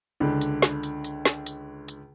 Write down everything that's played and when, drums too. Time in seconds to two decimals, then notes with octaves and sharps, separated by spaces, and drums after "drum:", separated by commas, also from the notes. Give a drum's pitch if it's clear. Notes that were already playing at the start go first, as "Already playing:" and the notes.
0.20 C#2 D3
0.41 drum: hi-hat
0.62 drum: snare
0.83 drum: hi-hat
1.04 drum: hi-hat
1.25 drum: snare
1.46 drum: hi-hat
1.88 drum: hi-hat